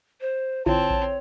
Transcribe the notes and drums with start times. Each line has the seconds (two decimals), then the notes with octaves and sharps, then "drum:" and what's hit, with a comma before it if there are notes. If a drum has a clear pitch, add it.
0.21 C5
0.66 D3 C4 E4 F4 C#5 A5, drum: kick A1
0.90 drum: kick A1